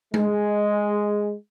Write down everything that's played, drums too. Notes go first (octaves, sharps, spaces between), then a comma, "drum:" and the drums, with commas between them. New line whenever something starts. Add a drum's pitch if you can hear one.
G#3, drum: tom G#3